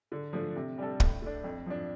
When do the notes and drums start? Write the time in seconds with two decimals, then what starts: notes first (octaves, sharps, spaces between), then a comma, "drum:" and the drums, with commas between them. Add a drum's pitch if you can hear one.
0.12 D3
0.33 F3 A3 D4
0.56 C3
0.78 G3 D4 A4
1.00 A2, drum: kick
1.22 A3 D4
1.44 F2
1.66 F3 D4